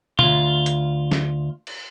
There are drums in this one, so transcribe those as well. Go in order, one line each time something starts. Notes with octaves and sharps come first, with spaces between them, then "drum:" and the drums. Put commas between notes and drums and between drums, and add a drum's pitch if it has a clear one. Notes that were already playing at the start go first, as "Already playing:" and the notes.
D2 F4, drum: tom
drum: hi-hat
drum: snare
drum: cymbal